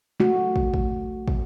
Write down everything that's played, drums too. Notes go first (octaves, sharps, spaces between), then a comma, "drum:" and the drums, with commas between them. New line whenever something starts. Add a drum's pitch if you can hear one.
A3 F#4
drum: kick
drum: kick
drum: kick